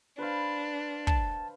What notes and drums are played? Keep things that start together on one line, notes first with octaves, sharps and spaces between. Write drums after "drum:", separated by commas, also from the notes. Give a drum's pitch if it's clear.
D4 B4 C5 F5
A5, drum: kick